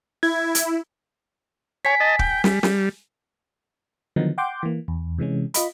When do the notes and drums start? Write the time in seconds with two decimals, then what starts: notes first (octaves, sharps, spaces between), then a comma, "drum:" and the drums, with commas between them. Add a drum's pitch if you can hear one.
0.23 E4 G#6
0.55 drum: hi-hat
1.85 C#5 G#5 B6
2.00 D#5 A5
2.19 G5, drum: kick
2.44 G3, drum: snare
2.63 G3, drum: snare
4.16 D3 D#3 F3 F#3 B3 D#4
4.38 F#5 G5 C6 D6 G6
4.63 E3 A#3
4.88 E2
5.18 C3 E3 G#3 C#4
5.54 F4 D#5 B5, drum: hi-hat